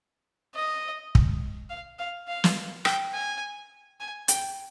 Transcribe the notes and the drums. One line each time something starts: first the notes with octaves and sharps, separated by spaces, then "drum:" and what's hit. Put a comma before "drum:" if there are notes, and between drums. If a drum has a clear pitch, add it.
D#5
drum: kick
F5
F5
F5
drum: snare
G5, drum: rim click
G#5
G#5
G5, drum: hi-hat